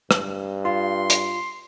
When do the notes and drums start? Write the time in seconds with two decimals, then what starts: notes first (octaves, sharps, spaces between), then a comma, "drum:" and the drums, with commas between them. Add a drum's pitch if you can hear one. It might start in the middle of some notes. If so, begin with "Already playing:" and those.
0.11 G2, drum: rim click
0.65 F4 C6
1.10 drum: hi-hat